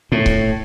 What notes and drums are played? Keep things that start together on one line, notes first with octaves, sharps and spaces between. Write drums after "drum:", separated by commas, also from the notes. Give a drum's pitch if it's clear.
A2
drum: kick C#1